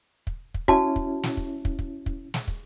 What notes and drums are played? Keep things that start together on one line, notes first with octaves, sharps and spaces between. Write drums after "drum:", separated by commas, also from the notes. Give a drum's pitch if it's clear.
drum: kick
drum: kick
C#4 E4 F#4 A5, drum: kick
drum: kick
drum: snare
drum: kick
drum: kick
drum: kick
drum: kick
drum: snare
drum: kick